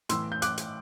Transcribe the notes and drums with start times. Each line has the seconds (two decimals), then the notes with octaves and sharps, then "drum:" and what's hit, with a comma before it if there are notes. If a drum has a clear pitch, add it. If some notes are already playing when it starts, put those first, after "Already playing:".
0.09 A2 E3 C6 E6, drum: hi-hat
0.32 G6
0.42 D6 F#6, drum: hi-hat
0.58 drum: hi-hat